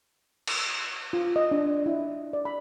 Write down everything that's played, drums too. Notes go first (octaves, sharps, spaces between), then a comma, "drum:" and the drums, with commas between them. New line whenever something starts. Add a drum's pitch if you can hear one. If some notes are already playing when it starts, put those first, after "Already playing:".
drum: cymbal
F4
D#5
D4
E4
D5
B5